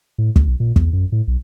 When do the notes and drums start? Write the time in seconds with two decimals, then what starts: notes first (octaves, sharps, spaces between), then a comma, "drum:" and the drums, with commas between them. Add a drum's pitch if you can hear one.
0.18 A2
0.36 D2, drum: kick
0.48 B1
0.60 A#2
0.76 E2, drum: kick
0.93 F#2
1.12 A2
1.28 B1